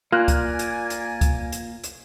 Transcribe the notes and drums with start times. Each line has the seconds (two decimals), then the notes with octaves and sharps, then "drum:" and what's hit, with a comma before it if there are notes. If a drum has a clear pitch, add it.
0.12 A#3 F4 D5 G#5 F6 F#6
0.28 drum: kick C#2, hi-hat
0.59 drum: hi-hat
0.90 drum: hi-hat
1.21 drum: kick C#2, hi-hat
1.52 drum: hi-hat
1.84 drum: hi-hat